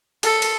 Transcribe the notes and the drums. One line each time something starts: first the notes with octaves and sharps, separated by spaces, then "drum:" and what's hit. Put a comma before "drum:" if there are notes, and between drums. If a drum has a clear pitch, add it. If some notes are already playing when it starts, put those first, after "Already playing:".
A4, drum: cymbal
drum: cymbal